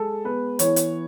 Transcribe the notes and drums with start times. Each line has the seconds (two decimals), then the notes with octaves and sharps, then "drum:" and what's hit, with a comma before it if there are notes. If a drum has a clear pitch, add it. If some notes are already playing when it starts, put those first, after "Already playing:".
Already playing: G#3 A4
0.24 B3 B4
0.59 E3 C#5, drum: hi-hat
0.76 drum: hi-hat